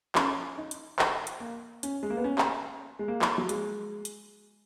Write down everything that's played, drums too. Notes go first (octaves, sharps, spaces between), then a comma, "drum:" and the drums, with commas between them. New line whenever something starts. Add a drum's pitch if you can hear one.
C#4, drum: clap
D#4
drum: hi-hat
drum: clap
drum: hi-hat
A#3
C#4, drum: hi-hat
G#3
A#3
B3
C#4
drum: clap
G#3
A#3
drum: clap
F#3
G#3, drum: hi-hat
drum: hi-hat